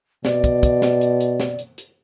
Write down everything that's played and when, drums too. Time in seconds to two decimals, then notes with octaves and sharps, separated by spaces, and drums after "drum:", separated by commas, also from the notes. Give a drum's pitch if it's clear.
0.25 B2 D5, drum: snare
0.44 drum: kick, hi-hat
0.63 drum: kick, hi-hat
0.82 drum: snare
1.01 drum: hi-hat
1.20 drum: hi-hat
1.40 drum: snare
1.59 drum: hi-hat
1.78 drum: hi-hat